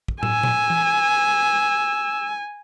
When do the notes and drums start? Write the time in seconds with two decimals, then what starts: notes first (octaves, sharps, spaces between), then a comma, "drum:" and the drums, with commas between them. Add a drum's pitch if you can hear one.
0.08 drum: kick
0.23 G#5 E6, drum: tom
0.43 drum: tom A#2
0.70 drum: tom E3